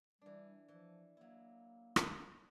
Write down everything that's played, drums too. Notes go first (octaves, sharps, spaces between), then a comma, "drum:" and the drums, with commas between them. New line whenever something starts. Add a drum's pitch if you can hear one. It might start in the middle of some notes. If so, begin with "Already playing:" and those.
E3 G3 D4
E3 F3
F#3 A#3 E4
drum: rim click